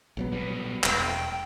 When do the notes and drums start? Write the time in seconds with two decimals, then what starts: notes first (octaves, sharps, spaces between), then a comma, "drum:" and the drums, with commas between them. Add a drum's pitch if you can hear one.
0.17 A#1 F#3 B3
0.32 B2 G3
0.84 E1 G5, drum: clap